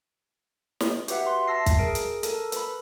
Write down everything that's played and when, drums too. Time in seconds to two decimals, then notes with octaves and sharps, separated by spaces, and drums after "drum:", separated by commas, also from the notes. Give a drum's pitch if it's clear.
0.80 drum: snare
1.08 F#4 G4 B4 E5 F#5, drum: hi-hat
1.27 C6
1.48 E5 A5 E6 A#6 C7
1.66 drum: kick, hi-hat
1.79 G#4 A#4 D7
1.95 drum: hi-hat
2.23 A4 A#4, drum: hi-hat
2.52 B4 B5, drum: hi-hat